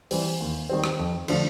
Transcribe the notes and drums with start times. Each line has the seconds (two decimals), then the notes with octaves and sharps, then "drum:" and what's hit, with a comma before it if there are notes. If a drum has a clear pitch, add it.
0.11 E3 G3 C4, drum: open hi-hat
0.41 D#2
0.69 D#3 G3 C4
0.84 drum: rim click
0.99 F2
1.28 D3 F3 A3, drum: cymbal